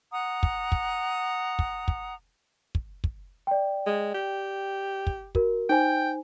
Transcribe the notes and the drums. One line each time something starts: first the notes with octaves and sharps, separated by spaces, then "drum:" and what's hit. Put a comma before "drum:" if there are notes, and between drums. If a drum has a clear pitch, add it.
F#5 A#5 D#6
drum: kick
drum: kick
drum: kick
drum: kick
drum: kick
drum: kick
D5 G5
G#3
G4
drum: kick
F#4 A#4, drum: kick
D#4 C5 G5 G#5